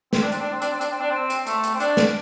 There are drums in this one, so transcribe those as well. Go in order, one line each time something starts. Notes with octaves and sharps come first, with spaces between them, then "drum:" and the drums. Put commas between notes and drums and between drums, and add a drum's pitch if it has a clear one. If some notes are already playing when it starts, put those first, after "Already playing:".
C4, drum: snare
D4
C4, drum: hi-hat
D4
C4
D4, drum: hi-hat
C4
D4, drum: hi-hat
C4
D4
C4
drum: hi-hat
A3, drum: hi-hat
drum: hi-hat
C4
D4, drum: hi-hat
drum: snare